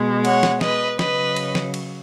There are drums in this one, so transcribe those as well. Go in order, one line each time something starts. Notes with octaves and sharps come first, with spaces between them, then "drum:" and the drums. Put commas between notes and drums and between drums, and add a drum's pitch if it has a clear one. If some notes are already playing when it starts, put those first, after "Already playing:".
Already playing: B2 G#3
C#5 F#5, drum: cymbal
drum: snare
B4 D#5, drum: snare
C#3 F#3 B4 D#5, drum: snare
drum: cymbal
drum: snare
drum: cymbal